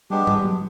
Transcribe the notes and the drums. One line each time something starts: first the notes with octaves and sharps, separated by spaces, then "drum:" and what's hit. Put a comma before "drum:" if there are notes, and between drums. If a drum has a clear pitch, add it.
G3 G#3 B3 D4 G4
G3, drum: tom G2
F#3